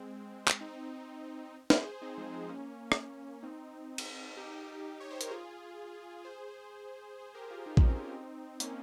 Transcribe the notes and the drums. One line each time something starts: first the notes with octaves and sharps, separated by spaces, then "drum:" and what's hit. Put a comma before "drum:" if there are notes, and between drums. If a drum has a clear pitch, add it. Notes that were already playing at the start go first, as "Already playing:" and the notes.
Already playing: G#3 C4
drum: clap
C4 D#4
G#4 C5, drum: snare
G#4 C5
C4 D#4
F3 G#3
G#3 C4
A#3 C#4
drum: rim click
C4 D#4
drum: cymbal
D#4 G4
C#5
C5
A#4, drum: hi-hat
F4 G#4
G#4 C5
G#4 C5
G4 A#4
F4 G#4
D#4
C#4, drum: kick A#1
C4 D#4
A#3 C#4, drum: hi-hat